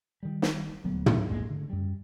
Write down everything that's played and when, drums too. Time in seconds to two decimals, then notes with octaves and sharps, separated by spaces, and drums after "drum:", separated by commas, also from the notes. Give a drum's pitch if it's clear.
0.23 D#3 G3
0.42 drum: snare
0.84 D#1 D2 F#3 B3
1.06 drum: tom
1.28 A#1 E2 G#3 A#3
1.50 D3
1.70 F#2 G3